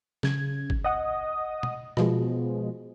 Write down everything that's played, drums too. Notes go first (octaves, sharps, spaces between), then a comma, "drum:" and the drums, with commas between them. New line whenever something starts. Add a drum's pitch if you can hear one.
C#3 G#6, drum: snare
drum: kick
D#5 F#5 D#6
drum: tom
B2 F3 G#3, drum: rim click